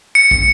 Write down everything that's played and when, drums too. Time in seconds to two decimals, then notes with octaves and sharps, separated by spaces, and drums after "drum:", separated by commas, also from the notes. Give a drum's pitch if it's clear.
0.15 C#7
0.31 drum: kick